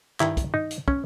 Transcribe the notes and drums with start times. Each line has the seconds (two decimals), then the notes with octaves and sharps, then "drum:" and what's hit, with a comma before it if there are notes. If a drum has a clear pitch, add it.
0.20 G2 D#3 G3 E4, drum: clap
0.37 drum: kick, hi-hat
0.54 D#4
0.71 drum: hi-hat
0.88 C#4, drum: kick